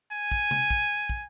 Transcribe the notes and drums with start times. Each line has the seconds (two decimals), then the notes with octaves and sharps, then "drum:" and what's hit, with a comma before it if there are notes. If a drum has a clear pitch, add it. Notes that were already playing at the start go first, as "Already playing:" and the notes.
0.12 G#5
0.31 drum: kick
0.51 drum: tom C3
0.70 drum: kick
1.09 drum: kick